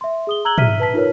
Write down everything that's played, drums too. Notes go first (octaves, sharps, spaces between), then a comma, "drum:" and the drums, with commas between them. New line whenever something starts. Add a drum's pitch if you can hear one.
E5 C6
G#4 D#6 G7
A#5 E6 F#6 G#6 F#7 G7
E5 F6 B6 D#7, drum: tom
B4 A5 B6
D#4 F4 A#4 B4 C#5